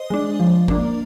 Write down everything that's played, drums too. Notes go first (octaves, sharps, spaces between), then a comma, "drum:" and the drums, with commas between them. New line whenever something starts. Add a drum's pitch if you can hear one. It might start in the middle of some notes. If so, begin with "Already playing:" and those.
Already playing: C5 D#5
G#3 D4
F3
A#3 D4, drum: kick G1